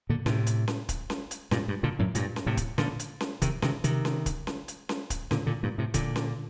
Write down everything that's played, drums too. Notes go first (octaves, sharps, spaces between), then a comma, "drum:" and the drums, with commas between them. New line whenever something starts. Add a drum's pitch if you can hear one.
A#2 D3
A2 C3, drum: snare C#4
drum: hi-hat
drum: snare C#4
drum: kick, hi-hat
drum: snare C#4
drum: hi-hat
G2 A#2, drum: snare C#4
G2
A#2 D3
F#2 A2
G2 A#2, drum: hi-hat
drum: snare C#4
A2 C3
drum: kick, hi-hat
A#2 D3, drum: snare C#4
drum: hi-hat
drum: snare C#4
C3 D#3, drum: kick, hi-hat
C3 D#3, drum: snare C#4
C3 D#3, drum: hi-hat
drum: snare C#4
drum: kick, hi-hat
drum: snare C#4
drum: hi-hat
drum: snare C#4
drum: kick, hi-hat
A#2 D3, drum: snare C#4
A#2 D3
G2 A#2
A2 C3
A#2 D3, drum: kick, hi-hat
drum: snare C#4